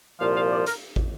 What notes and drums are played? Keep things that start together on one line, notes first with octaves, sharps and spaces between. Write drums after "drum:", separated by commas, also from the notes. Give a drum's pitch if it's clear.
C2 A#2 F3 F5
F5
D5
A#4, drum: hi-hat
drum: kick